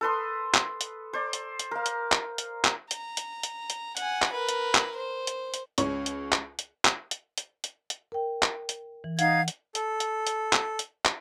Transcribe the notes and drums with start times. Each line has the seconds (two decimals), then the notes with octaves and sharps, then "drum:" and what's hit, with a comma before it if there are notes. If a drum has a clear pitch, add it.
0.01 A4 B4 C6 D#6
0.54 drum: clap
0.81 drum: hi-hat
1.13 C5 D5
1.33 drum: hi-hat
1.59 drum: hi-hat
1.71 A#4 F5
1.86 drum: hi-hat
2.12 drum: clap
2.38 drum: hi-hat
2.65 drum: clap
2.91 A#5, drum: hi-hat
3.17 drum: hi-hat
3.43 drum: hi-hat
3.70 drum: hi-hat
3.97 F#5 G#5, drum: hi-hat
4.22 drum: clap
4.33 A#4 B4
4.49 drum: hi-hat
4.75 drum: clap
4.96 C5
5.27 drum: hi-hat
5.54 drum: hi-hat
5.78 C#2 C#4 C#6, drum: hi-hat
6.06 drum: hi-hat
6.32 drum: clap
6.59 drum: hi-hat
6.85 drum: clap
7.11 drum: hi-hat
7.38 drum: hi-hat
7.64 drum: hi-hat
7.90 drum: hi-hat
8.12 A#4 G5
8.43 drum: clap
8.69 drum: hi-hat
9.04 E3
9.19 D#4 F5 F#5 G#6, drum: hi-hat
9.48 drum: hi-hat
9.75 A4, drum: hi-hat
10.00 drum: hi-hat
10.27 drum: hi-hat
10.53 drum: clap
10.79 drum: hi-hat
11.05 drum: clap